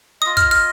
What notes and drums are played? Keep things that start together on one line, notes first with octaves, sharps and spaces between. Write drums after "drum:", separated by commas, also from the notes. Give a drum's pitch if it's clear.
F4 D#5 D#6
F6, drum: kick, hi-hat
F6, drum: open hi-hat